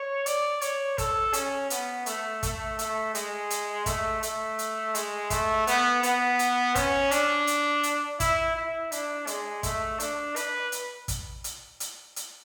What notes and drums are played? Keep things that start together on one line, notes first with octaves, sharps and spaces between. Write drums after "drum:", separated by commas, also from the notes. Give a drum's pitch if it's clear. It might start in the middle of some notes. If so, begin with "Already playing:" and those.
Already playing: C#5
D5, drum: hi-hat
C#5, drum: hi-hat
A4, drum: kick, hi-hat
C#4, drum: hi-hat
B3, drum: hi-hat
A3, drum: hi-hat
A3, drum: kick, hi-hat
A3, drum: hi-hat
G#3, drum: hi-hat
drum: hi-hat
A3, drum: kick, hi-hat
A3, drum: hi-hat
drum: hi-hat
G#3, drum: hi-hat
A3, drum: kick, hi-hat
B3, drum: hi-hat
B3, drum: hi-hat
drum: hi-hat
C#4, drum: kick, hi-hat
D4, drum: hi-hat
drum: hi-hat
drum: hi-hat
E4, drum: kick, hi-hat
E4
D4, drum: hi-hat
G#3, drum: hi-hat
A3, drum: kick, hi-hat
D4, drum: hi-hat
B4, drum: hi-hat
drum: hi-hat
drum: kick, hi-hat
drum: hi-hat
drum: hi-hat
drum: hi-hat